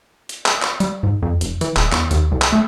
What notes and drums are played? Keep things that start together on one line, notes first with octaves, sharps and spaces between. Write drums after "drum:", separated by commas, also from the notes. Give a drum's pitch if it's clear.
drum: hi-hat
drum: clap
drum: clap
G3, drum: hi-hat
G#2
F2
F1, drum: hi-hat
E3, drum: hi-hat
D#1, drum: clap
E2, drum: clap
D#2, drum: hi-hat
C2
drum: clap
A3